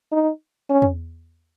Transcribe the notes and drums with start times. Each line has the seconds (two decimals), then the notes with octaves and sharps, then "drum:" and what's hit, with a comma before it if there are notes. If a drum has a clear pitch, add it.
0.12 D#4
0.70 C#4
0.82 drum: tom E2